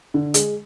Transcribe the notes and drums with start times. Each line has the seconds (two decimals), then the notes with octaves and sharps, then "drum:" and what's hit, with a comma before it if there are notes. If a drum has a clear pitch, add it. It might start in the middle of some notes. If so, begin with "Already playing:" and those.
0.14 D3
0.34 G#3, drum: hi-hat